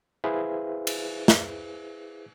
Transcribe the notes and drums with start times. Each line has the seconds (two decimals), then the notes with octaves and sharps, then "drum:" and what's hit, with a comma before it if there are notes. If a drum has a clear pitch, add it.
0.24 E4 G#4 B4 C5 E5 F5
0.87 drum: cymbal
1.28 drum: snare